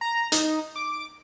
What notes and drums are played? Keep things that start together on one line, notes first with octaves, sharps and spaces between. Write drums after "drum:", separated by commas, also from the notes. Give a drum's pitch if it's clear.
A#5
D#4, drum: hi-hat
D6